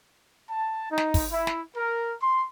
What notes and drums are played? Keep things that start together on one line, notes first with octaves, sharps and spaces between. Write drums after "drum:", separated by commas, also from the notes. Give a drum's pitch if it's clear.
A5
D#4
drum: snare
drum: kick, open hi-hat
E4
drum: snare
A#4
C6